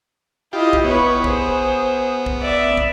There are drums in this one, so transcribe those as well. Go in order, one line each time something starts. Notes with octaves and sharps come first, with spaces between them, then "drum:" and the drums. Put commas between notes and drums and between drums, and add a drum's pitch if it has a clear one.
E4 F4 G4 D#5
drum: kick
B3 B4 C#5
G#4 C5, drum: kick
drum: kick
D5 E5
drum: kick